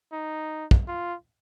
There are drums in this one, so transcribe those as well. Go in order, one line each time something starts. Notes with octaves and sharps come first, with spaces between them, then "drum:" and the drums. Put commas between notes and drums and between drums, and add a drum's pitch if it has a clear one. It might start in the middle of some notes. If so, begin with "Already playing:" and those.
D#4
drum: kick
F4